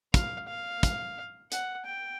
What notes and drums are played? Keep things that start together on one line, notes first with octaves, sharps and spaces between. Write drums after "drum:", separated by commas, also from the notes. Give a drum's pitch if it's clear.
F5, drum: kick, hi-hat
F5
drum: kick, hi-hat
F#5, drum: hi-hat
G5